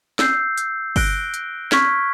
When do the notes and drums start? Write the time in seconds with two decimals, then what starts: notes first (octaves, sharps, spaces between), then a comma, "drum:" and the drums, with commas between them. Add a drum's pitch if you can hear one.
0.19 E6 G6 C7, drum: snare
0.58 drum: hi-hat
0.96 F#6 A#6 D7 G7, drum: kick G1, open hi-hat
1.34 drum: hi-hat
1.72 C#6 F6 G#6 B6, drum: snare